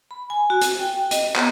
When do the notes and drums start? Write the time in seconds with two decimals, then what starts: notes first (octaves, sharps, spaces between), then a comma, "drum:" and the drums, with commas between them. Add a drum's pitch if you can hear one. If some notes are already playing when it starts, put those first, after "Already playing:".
0.11 B5
0.30 G#5
0.50 F#4
0.61 drum: hi-hat
0.79 G5
1.11 D#5, drum: hi-hat
1.36 B3, drum: clap